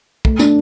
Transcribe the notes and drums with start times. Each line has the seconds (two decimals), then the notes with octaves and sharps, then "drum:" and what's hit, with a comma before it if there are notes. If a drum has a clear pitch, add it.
0.25 A3, drum: kick
0.39 D4, drum: tambourine